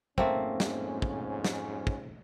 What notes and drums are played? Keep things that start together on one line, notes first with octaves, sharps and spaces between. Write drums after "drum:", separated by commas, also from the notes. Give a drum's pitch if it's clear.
F2 G#2 A3 A#3 C4 C#4, drum: kick
drum: snare
drum: kick
drum: snare
drum: kick